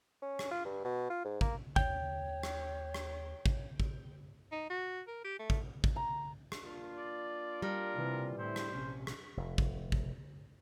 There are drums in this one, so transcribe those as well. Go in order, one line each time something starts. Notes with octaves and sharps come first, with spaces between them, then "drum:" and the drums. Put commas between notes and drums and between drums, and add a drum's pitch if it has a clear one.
C#4
drum: rim click
F4
G2
B2
F4
G#2
A#3, drum: kick
D#2 C#5 G5, drum: kick
drum: rim click
drum: rim click
drum: kick
drum: kick
D#4
F#4
A#4
G4
A3
drum: kick
drum: kick
A#5
drum: rim click
A#3 D4 F4
D5
G3 A#4
C3 E3
A2 D3 C4 E4 C5
drum: rim click
A#1 C3 C#4
drum: rim click
F1
drum: kick
drum: kick